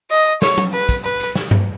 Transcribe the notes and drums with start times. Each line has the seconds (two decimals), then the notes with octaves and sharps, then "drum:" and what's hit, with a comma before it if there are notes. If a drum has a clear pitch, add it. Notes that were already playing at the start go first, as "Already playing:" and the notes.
0.11 D#5
0.42 C#5, drum: snare
0.58 drum: tom
0.73 B4
0.89 drum: kick, hi-hat
1.04 B4
1.20 drum: hi-hat
1.35 drum: snare
1.51 drum: tom G2